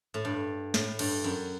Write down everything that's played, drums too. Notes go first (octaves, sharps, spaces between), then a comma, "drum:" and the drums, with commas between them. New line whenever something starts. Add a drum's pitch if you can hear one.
A2
G2
A2, drum: snare
G2, drum: cymbal
F#2